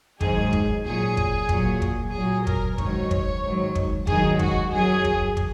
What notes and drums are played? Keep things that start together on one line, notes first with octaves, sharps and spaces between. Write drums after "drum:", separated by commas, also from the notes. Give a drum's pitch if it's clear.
G#2 D#3 F#3 G#4, drum: kick
drum: kick
A#2 F#3 G#4
drum: kick
A#2 F#3, drum: kick
drum: kick
A#2 F#3 G#4
A#4, drum: kick
G#2 D#3 F#3 C#5, drum: kick
drum: kick
G#2 D#3 F#3
drum: kick
G#2 D#3 F#3 G#4, drum: kick
F#4, drum: kick
F#2 F#3 G#4
drum: kick
drum: kick